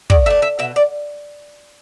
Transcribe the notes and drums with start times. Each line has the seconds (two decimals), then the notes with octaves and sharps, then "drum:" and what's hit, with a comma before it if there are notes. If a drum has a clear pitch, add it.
0.10 D5, drum: kick
0.26 A3 D4 E5
0.42 E5
0.59 B2 E5
0.76 D5